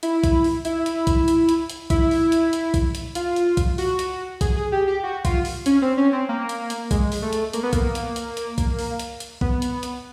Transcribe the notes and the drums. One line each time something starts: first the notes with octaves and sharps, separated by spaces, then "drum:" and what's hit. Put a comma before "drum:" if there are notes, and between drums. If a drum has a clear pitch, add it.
E4, drum: hi-hat
drum: kick, hi-hat
drum: open hi-hat
E4, drum: hi-hat
drum: hi-hat
drum: kick, hi-hat
drum: hi-hat
drum: hi-hat
drum: hi-hat
E4, drum: kick, hi-hat
drum: open hi-hat
drum: hi-hat
drum: hi-hat
drum: kick, hi-hat
drum: hi-hat
F4, drum: hi-hat
drum: hi-hat
drum: kick, hi-hat
F#4, drum: open hi-hat
drum: hi-hat
G#4, drum: kick, hi-hat
G#4
G4
G4
F#4
F4, drum: kick, hi-hat
drum: open hi-hat
C#4, drum: hi-hat
C4
C#4
C4
A#3
drum: hi-hat
drum: hi-hat
G#3, drum: kick, hi-hat
drum: open hi-hat
A3
drum: hi-hat
A#3, drum: hi-hat
B3
A#3, drum: kick, hi-hat
drum: hi-hat
drum: hi-hat
drum: hi-hat
drum: kick, hi-hat
drum: open hi-hat
drum: hi-hat
drum: hi-hat
B3, drum: kick
drum: hi-hat
drum: hi-hat